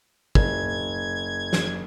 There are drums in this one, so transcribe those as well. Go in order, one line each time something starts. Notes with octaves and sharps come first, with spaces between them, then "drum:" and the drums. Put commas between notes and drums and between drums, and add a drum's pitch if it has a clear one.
F#1 G#6, drum: kick
drum: snare